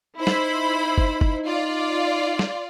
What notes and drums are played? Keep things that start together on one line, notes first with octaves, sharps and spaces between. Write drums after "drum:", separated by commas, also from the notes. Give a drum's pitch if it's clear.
D#4 E4 C5 B5
drum: snare
drum: kick G1
drum: kick G1
F4 D5
drum: snare